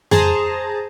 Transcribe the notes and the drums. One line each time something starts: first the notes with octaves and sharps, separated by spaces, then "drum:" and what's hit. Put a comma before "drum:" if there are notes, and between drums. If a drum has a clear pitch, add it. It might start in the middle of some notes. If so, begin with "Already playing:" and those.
G#4 C5 A5 A#5, drum: tom F2